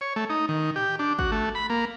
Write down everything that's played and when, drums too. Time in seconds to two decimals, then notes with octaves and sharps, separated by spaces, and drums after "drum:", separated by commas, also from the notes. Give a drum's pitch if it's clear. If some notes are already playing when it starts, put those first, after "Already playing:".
0.01 C#5
0.16 A3
0.30 D#4
0.49 D#3
0.76 G4, drum: tom A2
0.99 D4
1.19 F#4, drum: kick
1.32 A3
1.55 B5
1.70 A#3